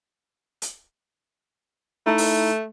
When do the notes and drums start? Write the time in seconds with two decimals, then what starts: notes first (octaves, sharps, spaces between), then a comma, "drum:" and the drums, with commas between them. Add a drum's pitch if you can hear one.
0.62 drum: hi-hat
2.06 A3 D#4 E4 A#5
2.18 drum: open hi-hat